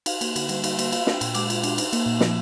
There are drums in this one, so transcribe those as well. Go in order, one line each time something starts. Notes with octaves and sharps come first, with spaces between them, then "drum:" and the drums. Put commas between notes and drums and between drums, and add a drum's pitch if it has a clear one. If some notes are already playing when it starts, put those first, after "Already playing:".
D#4 F5, drum: cymbal
A#3, drum: cymbal
D3, drum: cymbal
G3, drum: cymbal
D#4, drum: cymbal
A#3, drum: cymbal
F4 F5, drum: cymbal
D4, drum: snare
G5
A#2, drum: cymbal
G#3 D6, drum: cymbal
F4, drum: cymbal
D4, drum: cymbal
D#4, drum: cymbal
A#3, drum: cymbal
A#2
F3, drum: snare